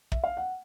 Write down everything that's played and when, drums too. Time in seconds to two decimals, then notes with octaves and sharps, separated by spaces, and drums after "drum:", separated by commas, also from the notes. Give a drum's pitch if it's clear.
0.12 E5, drum: kick
0.24 F5
0.37 F#5